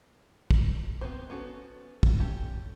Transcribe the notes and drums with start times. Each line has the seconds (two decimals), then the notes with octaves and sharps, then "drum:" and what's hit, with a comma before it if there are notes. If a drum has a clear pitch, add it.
0.51 drum: kick
1.01 B3 C4 F#4 B4 C5
1.30 B3 C#4 F#4 A4
2.03 drum: kick
2.20 C#4 G4 A4